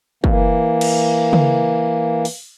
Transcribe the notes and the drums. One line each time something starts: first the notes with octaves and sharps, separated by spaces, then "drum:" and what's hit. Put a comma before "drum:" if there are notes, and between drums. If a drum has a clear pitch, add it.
E3 A#3, drum: kick
drum: cymbal
drum: tom C#3
drum: open hi-hat